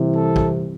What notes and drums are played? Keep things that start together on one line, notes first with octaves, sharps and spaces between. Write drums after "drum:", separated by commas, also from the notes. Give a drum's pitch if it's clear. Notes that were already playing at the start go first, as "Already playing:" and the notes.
Already playing: C2 C3 E3
A4
drum: kick